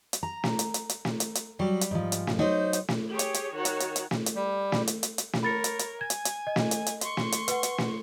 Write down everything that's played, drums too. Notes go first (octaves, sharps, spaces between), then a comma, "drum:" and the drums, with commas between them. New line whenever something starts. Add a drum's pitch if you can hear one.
drum: hi-hat
A#5
drum: snare
drum: hi-hat
drum: hi-hat
drum: hi-hat
drum: snare
drum: hi-hat
drum: hi-hat
F#3 G3
drum: hi-hat
G#2 F3
drum: hi-hat
drum: snare
F#3 D#4 C5
drum: hi-hat
drum: snare
G4 G#4 C#5
drum: hi-hat
drum: hi-hat
D#3 F#4 C#5
drum: hi-hat
drum: hi-hat
drum: hi-hat
drum: snare
drum: hi-hat
G3
drum: snare
drum: hi-hat
drum: hi-hat
drum: hi-hat
drum: snare
A#4 C#5 B5 A6 C#7
drum: hi-hat
drum: hi-hat
G#5 G#6
drum: hi-hat
drum: hi-hat
D#5
drum: snare
drum: hi-hat
drum: hi-hat
C6 C#6, drum: hi-hat
drum: snare
drum: hi-hat
B4 F#5, drum: hi-hat
drum: hi-hat
drum: snare